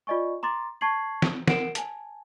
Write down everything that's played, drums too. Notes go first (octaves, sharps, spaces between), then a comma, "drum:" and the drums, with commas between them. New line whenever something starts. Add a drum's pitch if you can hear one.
F4 D5 D#5 G#5 C#6
A#5 C6 D6 A6
A5 C#6 G#6 C7 F#7
drum: snare
A#4 F#5 C7 D7 E7, drum: snare
G#5 A5, drum: hi-hat